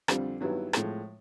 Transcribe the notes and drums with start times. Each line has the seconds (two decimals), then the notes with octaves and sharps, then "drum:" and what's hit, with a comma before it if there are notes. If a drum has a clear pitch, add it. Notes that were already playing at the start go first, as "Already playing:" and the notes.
0.08 F2 D3 G3 C4 F4, drum: rim click
0.41 G2 D#3 F#3 B3 E4
0.73 A2 F3 G#3, drum: rim click